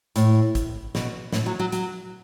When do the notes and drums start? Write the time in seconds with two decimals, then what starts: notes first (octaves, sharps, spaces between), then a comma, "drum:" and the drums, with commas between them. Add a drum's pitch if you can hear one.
0.16 A2, drum: hi-hat
0.55 drum: kick, hi-hat
0.95 B2, drum: snare
1.32 A2, drum: snare
1.46 F#3
1.60 F#3
1.72 F#3, drum: hi-hat